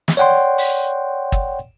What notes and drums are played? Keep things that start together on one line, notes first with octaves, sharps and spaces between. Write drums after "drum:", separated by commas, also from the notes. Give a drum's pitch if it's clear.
drum: snare
C#5 D5 F#5 G5 C6
drum: open hi-hat
drum: kick